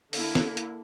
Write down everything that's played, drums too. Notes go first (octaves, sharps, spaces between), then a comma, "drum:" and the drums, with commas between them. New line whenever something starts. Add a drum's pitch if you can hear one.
D3 A#3 E4, drum: open hi-hat
drum: snare
drum: hi-hat